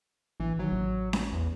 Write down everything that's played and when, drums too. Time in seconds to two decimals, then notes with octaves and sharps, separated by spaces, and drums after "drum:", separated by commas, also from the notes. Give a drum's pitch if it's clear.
0.40 A1 E3
0.59 D#3 F#3
0.72 A1
1.13 drum: snare C#4
1.32 E2